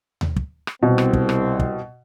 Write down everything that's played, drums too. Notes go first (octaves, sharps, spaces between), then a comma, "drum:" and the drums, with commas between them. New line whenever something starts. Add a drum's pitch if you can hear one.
drum: tom D#2
drum: kick
drum: rim click
C2 B2 C4
drum: rim click
drum: kick
drum: rim click
drum: kick